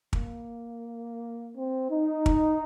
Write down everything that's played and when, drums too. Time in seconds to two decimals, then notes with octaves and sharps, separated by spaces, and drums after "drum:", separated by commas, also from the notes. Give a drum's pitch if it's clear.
0.13 A#3, drum: kick
1.55 C4
1.90 D#4
2.26 drum: kick